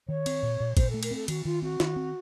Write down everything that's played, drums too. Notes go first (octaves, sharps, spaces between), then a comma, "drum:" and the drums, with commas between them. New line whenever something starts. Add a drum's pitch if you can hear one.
D#3 C#5
C4, drum: cymbal
A#2
A#2
A#2 C5, drum: kick, cymbal
A3 A4
A#4, drum: cymbal
C4 A4
D#3 F#4, drum: cymbal
D#3 F4
C4 F#4
D#3, drum: snare
C4